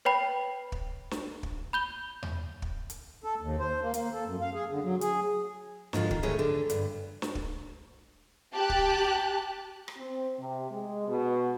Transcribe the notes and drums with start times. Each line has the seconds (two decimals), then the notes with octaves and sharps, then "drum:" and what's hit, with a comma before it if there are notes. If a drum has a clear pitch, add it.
0.05 B4 C#5 G5 B5
0.72 drum: kick
1.11 drum: snare
1.43 drum: kick
1.73 B5 G6 G7
2.23 drum: tom E2
2.62 drum: kick
2.90 drum: hi-hat
3.24 A4
3.41 D#2
3.59 C5
3.81 A#3
3.94 A#3, drum: hi-hat
4.13 A4
4.26 F#2
4.41 F5
4.54 G#4
4.70 D3
4.84 F#3
5.01 G#4, drum: hi-hat
5.93 G#2 D3 F3 F4, drum: snare
6.11 D#3, drum: kick
6.23 E3 A3 G#4 A#4 C#5
6.39 D3
6.70 G2, drum: hi-hat
7.22 drum: snare
7.35 drum: kick
8.53 G4 A5 F#6
8.70 drum: kick
9.88 drum: rim click
9.97 C4
10.39 C3
10.71 G#3
11.08 B2